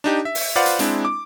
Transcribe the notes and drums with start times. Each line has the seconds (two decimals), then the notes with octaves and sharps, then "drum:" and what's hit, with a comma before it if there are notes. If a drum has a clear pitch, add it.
0.04 D4 D#4 G4
0.25 E5
0.35 drum: open hi-hat
0.56 F4 B4 C5 D5 F5 F#5
0.66 drum: hi-hat
0.79 G#3 C4 D4 E4, drum: hi-hat
1.05 D6